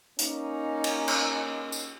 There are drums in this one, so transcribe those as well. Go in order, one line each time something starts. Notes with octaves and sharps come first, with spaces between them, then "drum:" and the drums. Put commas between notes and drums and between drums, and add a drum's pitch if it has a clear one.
A#3 C#4 D#4, drum: hi-hat
drum: cymbal
drum: cymbal
drum: tambourine